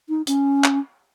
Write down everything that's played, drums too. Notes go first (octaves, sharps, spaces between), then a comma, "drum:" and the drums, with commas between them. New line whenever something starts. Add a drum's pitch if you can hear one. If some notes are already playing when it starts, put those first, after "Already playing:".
D#4
C#4, drum: hi-hat
drum: clap